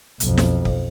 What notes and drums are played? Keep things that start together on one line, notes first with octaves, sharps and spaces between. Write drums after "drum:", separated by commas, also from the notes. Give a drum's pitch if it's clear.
B1 F2, drum: hi-hat
drum: snare
drum: kick